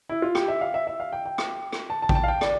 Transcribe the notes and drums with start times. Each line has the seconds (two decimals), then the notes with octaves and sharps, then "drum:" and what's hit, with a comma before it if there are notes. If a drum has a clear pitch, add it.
0.09 E4
0.22 F4
0.35 G4, drum: rim click
0.48 E5
0.61 F5
0.74 E5
0.87 E5
1.00 F5
1.13 G5
1.25 G5
1.38 drum: rim click
1.73 drum: rim click
1.90 A5
2.02 A5
2.09 G5, drum: kick A1
2.15 A5
2.24 F5
2.28 G5
2.41 D5, drum: rim click